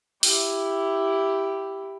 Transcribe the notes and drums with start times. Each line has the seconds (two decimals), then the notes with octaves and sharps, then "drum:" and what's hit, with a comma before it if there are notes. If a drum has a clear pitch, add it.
0.23 E4 G4, drum: open hi-hat